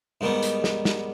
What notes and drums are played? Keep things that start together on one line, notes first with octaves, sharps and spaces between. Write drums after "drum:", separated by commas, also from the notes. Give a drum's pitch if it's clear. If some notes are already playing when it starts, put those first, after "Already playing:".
G#2 D#3 G3 B3
drum: hi-hat
drum: snare
drum: snare